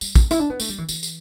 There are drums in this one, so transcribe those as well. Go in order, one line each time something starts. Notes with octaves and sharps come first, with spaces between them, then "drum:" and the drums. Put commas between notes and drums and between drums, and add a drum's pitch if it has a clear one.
G3, drum: tambourine
B3, drum: kick, tambourine
E4, drum: tambourine
D4
B3
A3, drum: tambourine
G3
E3
E3, drum: tambourine
drum: tambourine